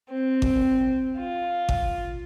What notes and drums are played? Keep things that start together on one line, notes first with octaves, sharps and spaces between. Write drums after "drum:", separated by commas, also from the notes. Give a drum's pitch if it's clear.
C4
drum: kick G#1
F4
drum: kick G#1